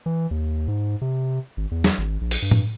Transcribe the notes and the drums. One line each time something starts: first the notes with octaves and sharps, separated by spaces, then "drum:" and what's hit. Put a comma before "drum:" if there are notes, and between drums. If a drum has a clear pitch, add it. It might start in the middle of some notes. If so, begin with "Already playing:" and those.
E3
D#2
G#2
C3
G#1
E2
drum: snare
G#1
A#1
drum: open hi-hat
G2
drum: tom A2